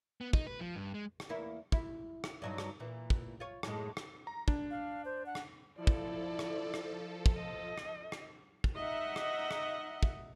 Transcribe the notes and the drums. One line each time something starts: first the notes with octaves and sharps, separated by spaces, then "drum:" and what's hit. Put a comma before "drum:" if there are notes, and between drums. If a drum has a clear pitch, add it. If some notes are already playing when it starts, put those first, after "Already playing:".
B3
D#4, drum: kick
B4
F3
G2
G#3
drum: rim click
E2 A#3 E4
E4, drum: kick
drum: rim click
G2 F#3 D#4
drum: rim click
A#2 E3
drum: kick
F4 C#5
F#2 A2 G#3, drum: rim click
drum: rim click
A#5
D4, drum: kick
F5
C5
F#5
drum: rim click
F3 E4 A4 D5
drum: kick
drum: rim click
drum: rim click
drum: kick
D#5
drum: rim click
drum: rim click
drum: kick
D#4 D#5 E5 F#5
drum: rim click
drum: rim click
drum: kick